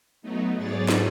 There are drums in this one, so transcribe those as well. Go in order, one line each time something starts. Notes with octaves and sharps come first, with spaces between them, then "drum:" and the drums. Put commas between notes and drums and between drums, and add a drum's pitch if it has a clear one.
F#3 A3 B3 D#4
G#2 F#3 G#4 C#5 D5 A6
drum: snare